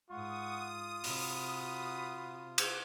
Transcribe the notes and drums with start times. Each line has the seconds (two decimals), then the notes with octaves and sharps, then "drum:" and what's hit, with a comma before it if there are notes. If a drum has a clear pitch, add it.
0.10 G#2 F4 F#5 C#6 D#6
1.04 C3 F#4 B5, drum: open hi-hat
2.58 drum: cymbal